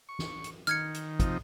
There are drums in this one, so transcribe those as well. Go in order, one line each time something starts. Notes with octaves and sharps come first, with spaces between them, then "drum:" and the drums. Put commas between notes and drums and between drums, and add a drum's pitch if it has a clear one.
C#6
drum: snare
drum: hi-hat
D#3 F6 G#6 C#7, drum: hi-hat
drum: hi-hat
C3 F3 D#4, drum: kick, hi-hat